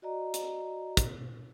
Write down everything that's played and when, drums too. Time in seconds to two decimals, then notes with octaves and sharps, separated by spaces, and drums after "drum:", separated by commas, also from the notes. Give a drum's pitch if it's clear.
0.02 F#4 D5 D#5 A#5
0.34 drum: hi-hat
0.97 drum: kick, hi-hat